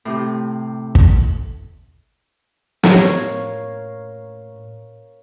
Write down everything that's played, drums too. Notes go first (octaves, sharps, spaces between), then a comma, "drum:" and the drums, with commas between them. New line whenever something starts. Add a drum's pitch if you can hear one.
A2 C3
drum: kick
A2 A#4 C#5 F5, drum: snare